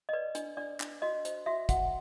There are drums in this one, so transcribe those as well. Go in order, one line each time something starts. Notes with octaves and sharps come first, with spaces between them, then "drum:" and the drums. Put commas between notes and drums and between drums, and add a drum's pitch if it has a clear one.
D#5
B4 D5
D4, drum: hi-hat
D4 D5
D4, drum: clap
F#4 D#5
C5, drum: hi-hat
F#4 E5
F#4 F#5, drum: kick, hi-hat